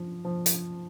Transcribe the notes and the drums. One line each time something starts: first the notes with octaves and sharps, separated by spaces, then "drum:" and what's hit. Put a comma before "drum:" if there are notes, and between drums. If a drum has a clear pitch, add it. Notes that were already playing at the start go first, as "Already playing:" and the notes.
Already playing: F3
F3
drum: hi-hat